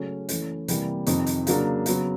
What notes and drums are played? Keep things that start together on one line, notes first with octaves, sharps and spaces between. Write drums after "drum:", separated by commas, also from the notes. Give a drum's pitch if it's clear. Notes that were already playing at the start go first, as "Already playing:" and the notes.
Already playing: C#3 F#3 A3 C#4
E3 A3 C#4, drum: hi-hat
C3 E3 G3 A#3, drum: hi-hat
F2 C3 D#3, drum: hi-hat
drum: hi-hat
C#3 F#3 A#3 D4, drum: hi-hat
C#3 F#3 B3, drum: hi-hat